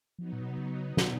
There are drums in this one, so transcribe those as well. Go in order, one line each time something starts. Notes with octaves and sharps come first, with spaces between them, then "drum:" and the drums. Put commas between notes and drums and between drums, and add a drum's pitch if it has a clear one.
F3 F#3 B3 D#4
A#2
B2
C3
C#3
B2, drum: snare